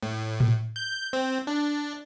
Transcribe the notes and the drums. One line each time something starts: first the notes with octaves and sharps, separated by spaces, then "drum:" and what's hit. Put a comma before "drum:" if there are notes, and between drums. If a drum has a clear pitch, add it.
A2
drum: tom A2
G6
C4
D4